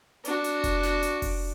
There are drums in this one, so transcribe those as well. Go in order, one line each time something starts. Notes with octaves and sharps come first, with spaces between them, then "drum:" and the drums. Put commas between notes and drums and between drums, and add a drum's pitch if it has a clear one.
D4 F#4, drum: hi-hat
drum: hi-hat
drum: kick F1, hi-hat
drum: snare
drum: hi-hat
drum: kick F1, open hi-hat